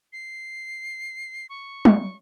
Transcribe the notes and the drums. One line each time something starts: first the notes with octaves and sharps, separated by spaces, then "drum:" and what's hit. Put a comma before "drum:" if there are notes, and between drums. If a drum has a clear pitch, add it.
C7
C#6
drum: tom